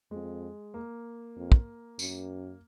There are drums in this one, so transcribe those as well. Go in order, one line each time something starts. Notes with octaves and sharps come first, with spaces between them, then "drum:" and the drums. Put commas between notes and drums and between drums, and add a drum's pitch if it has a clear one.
F2 G#3
A#3
F2
drum: kick
F#2, drum: tambourine